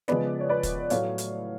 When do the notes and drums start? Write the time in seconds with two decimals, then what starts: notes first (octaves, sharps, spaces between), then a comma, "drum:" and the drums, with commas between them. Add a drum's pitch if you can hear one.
0.08 C#3 F3 G#3 B3 B4 D5, drum: snare
0.40 C#5
0.49 B4 D5
0.63 drum: kick, hi-hat
0.90 A2 F#3 A3 C#5 F5, drum: hi-hat
1.18 drum: hi-hat